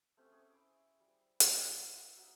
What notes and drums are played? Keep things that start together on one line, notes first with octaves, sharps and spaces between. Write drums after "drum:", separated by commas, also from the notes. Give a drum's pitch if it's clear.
A3 C4 C#4 G4
C#4 G#4 C#6
E4 C5 D6
G3
drum: hi-hat
F4 F#5
D#4 F#4 E5